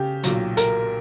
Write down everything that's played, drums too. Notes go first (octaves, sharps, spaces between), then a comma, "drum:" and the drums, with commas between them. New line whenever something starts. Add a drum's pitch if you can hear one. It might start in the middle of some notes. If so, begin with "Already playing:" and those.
Already playing: C#3 G4
B1 A#2 F#3, drum: hi-hat
A#4, drum: hi-hat